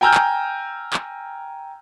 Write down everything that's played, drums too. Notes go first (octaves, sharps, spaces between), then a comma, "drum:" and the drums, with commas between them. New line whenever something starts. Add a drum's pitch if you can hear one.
G5 G#5 A#5 E6 F6 G6
drum: clap
drum: clap